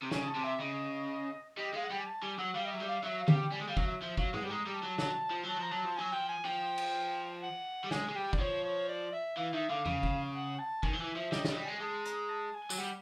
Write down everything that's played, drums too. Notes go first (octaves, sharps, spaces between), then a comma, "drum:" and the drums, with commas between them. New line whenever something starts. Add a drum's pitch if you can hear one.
C3
C#3 G#5, drum: snare
A5
C3
E5
C#3 D#5
G3 D#5
G#3 F5
F#5
G3 G5
G#5
A5
G3 G#5
F#3 F#5
G3 F5
D#5
F#3 E5
G3
F5
F#3 E5
F5
G3, drum: tom D3
G5
G3 G#5
G#3
G3 F5
F#3, drum: kick
E5
F3 E5
F#3 F5, drum: kick
G#3 F#5, drum: tom G#2
G3
G#3 A#5
G3
A5
F#3
F#3, drum: snare
F3
F#3 A5
F3 A#5
F#3 A5
F3
F#3 G#5
F3 G5
G#5
F3 G5
drum: cymbal
F#5
G3
G#3 G#5, drum: snare
G#3
G3 G5
D5, drum: kick
F3 C#5
C#5
D5
E5
E3 F5
D#3 E5
D3 F5
C#3, drum: tom E2
drum: kick
F#5
A5
D#3 G#5, drum: kick
F3
E3 G#5
F3 E5
G3 D#5, drum: snare
G3, drum: snare
F#3 D#5
G3
G#3 G#5
G#3 A5
A#5, drum: hi-hat
A5
G#5
F#3, drum: tambourine
G3 F#5